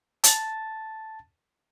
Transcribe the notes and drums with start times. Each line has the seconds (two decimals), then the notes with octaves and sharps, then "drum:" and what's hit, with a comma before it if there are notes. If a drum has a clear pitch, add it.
0.24 A5 A6, drum: hi-hat